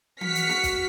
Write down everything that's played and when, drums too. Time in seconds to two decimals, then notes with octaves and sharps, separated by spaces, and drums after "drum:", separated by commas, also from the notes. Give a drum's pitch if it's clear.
0.21 F#4 F6 B6 C#7, drum: tom E3
0.35 drum: hi-hat
0.49 drum: snare B3
0.63 drum: kick, hi-hat